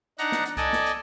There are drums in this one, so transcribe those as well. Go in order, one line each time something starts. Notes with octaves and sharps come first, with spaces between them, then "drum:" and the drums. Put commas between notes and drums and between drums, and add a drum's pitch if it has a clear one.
D4 D#4 F#5 A#5, drum: hi-hat
drum: snare
drum: hi-hat
A4 D5 D#5 G#5, drum: kick C2, hi-hat
drum: snare
drum: hi-hat